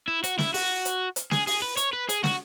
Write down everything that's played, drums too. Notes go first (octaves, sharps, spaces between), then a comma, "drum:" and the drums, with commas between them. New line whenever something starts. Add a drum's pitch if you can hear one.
E4
F#4, drum: hi-hat
E4, drum: snare
F#4, drum: open hi-hat
drum: hi-hat
drum: hi-hat
G#4, drum: snare
G#4, drum: open hi-hat
B4
C#5, drum: hi-hat
B4
G#4, drum: hi-hat
F#4, drum: snare